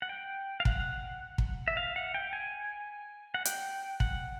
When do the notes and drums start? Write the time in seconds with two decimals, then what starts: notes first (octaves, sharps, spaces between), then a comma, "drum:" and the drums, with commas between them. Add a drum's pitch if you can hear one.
0.02 F#5
0.09 G5
0.60 F5
0.65 F#5, drum: kick
1.38 drum: kick
1.68 E5
1.77 F5
1.96 F#5
2.14 G5
2.33 G#5
3.34 F#5
3.45 G5, drum: hi-hat
4.00 F#5, drum: kick